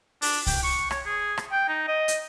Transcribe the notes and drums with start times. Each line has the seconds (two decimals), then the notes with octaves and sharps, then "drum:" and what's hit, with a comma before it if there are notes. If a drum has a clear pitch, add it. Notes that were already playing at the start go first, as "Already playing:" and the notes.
0.22 D4, drum: open hi-hat
0.47 G5, drum: kick C2, open hi-hat
0.63 C#6
0.91 C#5, drum: rim click
1.06 G#4
1.38 drum: rim click
1.52 G5
1.69 D#4
1.88 D#5
2.08 drum: hi-hat